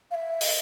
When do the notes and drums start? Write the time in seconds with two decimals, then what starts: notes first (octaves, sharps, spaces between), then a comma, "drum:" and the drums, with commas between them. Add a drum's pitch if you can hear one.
0.11 F5
0.14 E5
0.41 D#5, drum: open hi-hat